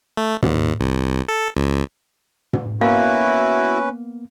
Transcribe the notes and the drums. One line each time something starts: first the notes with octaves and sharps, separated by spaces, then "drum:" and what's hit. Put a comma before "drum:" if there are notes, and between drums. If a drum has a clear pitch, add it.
A3
D#2, drum: tom
C2
A4
C#2
drum: tom
A#3 B3 C#4 E4 F#4 B4 F5